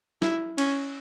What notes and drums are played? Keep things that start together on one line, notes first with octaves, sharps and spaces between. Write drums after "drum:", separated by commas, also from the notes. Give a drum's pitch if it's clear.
E4, drum: snare
C#4, drum: cymbal